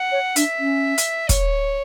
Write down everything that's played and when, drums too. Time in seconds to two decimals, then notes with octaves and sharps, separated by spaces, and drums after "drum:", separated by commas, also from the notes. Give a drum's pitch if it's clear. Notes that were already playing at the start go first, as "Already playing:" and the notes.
Already playing: F#5
0.12 C#5
0.36 D4 E5, drum: hi-hat
0.59 C#4
0.98 drum: hi-hat
1.29 C#5, drum: kick, hi-hat